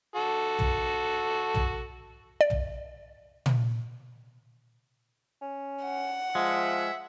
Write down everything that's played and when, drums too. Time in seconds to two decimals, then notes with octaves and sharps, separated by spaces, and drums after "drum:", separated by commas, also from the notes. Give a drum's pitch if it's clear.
0.16 F#4 A4
0.59 drum: tom
1.54 drum: tom
2.41 D5
2.50 drum: tom
3.46 drum: tom
5.41 C#4
5.85 F#5
6.35 F3 G#3 E5